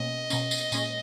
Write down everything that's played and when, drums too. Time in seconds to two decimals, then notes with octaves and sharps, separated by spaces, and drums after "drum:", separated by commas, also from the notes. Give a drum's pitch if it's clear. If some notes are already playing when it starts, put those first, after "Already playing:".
Already playing: B2 A#3 C#4 D#5
0.30 B2 A#3 C#4, drum: tambourine
0.51 drum: tambourine
0.72 A#2 G#3 C#4 G#4, drum: tambourine